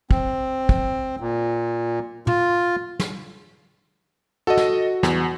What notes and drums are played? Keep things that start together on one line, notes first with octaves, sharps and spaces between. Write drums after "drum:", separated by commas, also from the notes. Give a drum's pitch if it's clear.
C4, drum: kick
drum: kick
A#2
F4, drum: tom
drum: snare
F#4 A4 D#5
drum: snare
E2, drum: snare